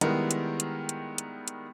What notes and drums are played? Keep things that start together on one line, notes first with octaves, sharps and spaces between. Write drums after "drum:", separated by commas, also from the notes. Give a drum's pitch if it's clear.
D#3 G3 G#3 B3 E4 A#4, drum: hi-hat
drum: hi-hat
drum: hi-hat
drum: hi-hat
drum: hi-hat
drum: hi-hat